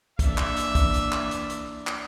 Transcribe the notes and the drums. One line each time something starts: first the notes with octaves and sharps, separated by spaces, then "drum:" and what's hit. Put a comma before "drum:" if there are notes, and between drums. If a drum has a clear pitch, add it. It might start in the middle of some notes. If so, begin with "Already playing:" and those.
E3 A#3 D4 E5, drum: kick, hi-hat
drum: clap
drum: hi-hat
drum: kick, hi-hat
drum: hi-hat
drum: clap
drum: hi-hat
drum: hi-hat
drum: clap